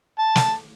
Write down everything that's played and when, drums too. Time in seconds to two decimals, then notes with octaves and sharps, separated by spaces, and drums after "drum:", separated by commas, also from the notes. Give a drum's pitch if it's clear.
0.19 A5
0.36 drum: snare